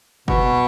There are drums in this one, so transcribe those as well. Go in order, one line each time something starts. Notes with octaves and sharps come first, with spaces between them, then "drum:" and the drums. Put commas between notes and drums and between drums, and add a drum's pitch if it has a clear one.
B2, drum: kick F#1